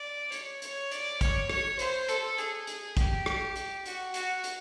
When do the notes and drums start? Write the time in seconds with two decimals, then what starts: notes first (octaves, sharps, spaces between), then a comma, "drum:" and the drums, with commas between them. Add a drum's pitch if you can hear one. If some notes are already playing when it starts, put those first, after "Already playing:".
Already playing: D5
0.32 C#5, drum: hi-hat
0.62 C#5, drum: hi-hat
0.91 D5, drum: hi-hat
1.21 C#5, drum: kick, hi-hat
1.49 C#5, drum: rim click
1.79 C5, drum: hi-hat
2.09 A4, drum: hi-hat
2.38 G#4, drum: hi-hat
2.67 drum: hi-hat
2.97 G4, drum: kick, hi-hat
3.26 drum: rim click
3.56 drum: hi-hat
3.86 F#4, drum: hi-hat
4.14 F#4, drum: hi-hat
4.44 drum: hi-hat